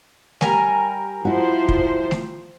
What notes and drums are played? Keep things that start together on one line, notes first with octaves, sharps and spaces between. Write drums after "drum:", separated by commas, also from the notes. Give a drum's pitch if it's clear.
G3 A#4 G#5, drum: snare A3
F3 E4 F#4 C5
drum: kick
drum: snare A3